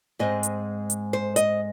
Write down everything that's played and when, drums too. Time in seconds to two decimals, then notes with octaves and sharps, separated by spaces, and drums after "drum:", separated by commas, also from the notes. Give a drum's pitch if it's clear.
0.19 G#2 G#3 C4 D#5
0.43 drum: hi-hat
0.90 drum: hi-hat
1.13 C5
1.36 D#5, drum: hi-hat